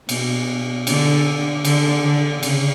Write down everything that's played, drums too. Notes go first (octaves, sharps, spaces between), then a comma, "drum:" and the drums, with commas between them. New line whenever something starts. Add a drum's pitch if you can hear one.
B2, drum: cymbal
D3, drum: cymbal
D3, drum: cymbal
D3
C#3, drum: cymbal